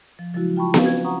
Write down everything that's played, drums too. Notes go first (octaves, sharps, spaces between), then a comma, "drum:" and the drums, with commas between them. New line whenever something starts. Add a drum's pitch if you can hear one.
F3
C#3 F3 F#3 G#3 E4 F#4
F4 G5 A5 B5 C#6
C4 C#4 F#4 F5, drum: snare B3
G#6
F#5 A#5 C#6 D#6